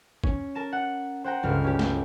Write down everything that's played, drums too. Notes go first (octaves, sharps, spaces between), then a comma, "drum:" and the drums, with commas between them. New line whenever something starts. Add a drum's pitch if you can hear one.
C#4, drum: kick
A#4 A5 E7
F#5
C5 F#5 G5 A#5
G1 C#2 F6
C#4 G4
drum: snare